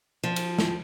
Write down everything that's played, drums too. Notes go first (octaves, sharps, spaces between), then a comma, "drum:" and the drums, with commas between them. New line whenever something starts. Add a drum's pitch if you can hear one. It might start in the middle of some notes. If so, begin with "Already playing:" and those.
F3
drum: cymbal
drum: snare